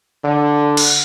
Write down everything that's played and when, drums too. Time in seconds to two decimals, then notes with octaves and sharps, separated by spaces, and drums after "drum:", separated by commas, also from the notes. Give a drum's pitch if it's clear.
0.24 D3
0.77 drum: cymbal